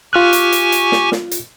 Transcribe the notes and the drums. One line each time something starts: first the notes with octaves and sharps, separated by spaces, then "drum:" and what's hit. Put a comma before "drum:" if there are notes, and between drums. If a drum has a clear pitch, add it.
F4 G4 G#5 C#6 F6 F#6
drum: hi-hat
drum: hi-hat
drum: hi-hat
drum: snare
drum: snare
drum: hi-hat